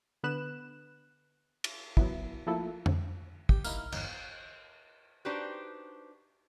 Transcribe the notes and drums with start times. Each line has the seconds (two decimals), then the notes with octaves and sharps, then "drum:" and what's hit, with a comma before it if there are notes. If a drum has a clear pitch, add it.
0.23 D3 B3 B4 F#6 E7
1.64 drum: cymbal
1.97 F#3 B3 E4, drum: kick
2.47 F3 A3 A#3 E4 F4 A4
2.86 drum: tom F2
3.49 G4, drum: kick
3.64 A#3 D#4 E4 F6, drum: tambourine
3.92 G1 E2 D#4, drum: cymbal
5.25 D4 D#4 F#4 G4 B4 C5